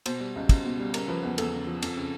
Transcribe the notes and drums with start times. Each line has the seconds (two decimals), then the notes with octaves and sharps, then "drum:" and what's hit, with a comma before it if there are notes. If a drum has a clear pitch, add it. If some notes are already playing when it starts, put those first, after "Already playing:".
0.06 B2 C5, drum: cymbal
0.20 G3
0.36 C#2
0.49 C#2, drum: kick, cymbal
0.65 B2
0.79 G3
0.94 C#3 A#4, drum: cymbal
1.08 F3 B4
1.23 E2 B4
1.38 E2 A4, drum: cymbal
1.53 C#3
1.67 F3
1.82 F2, drum: cymbal
1.97 C#3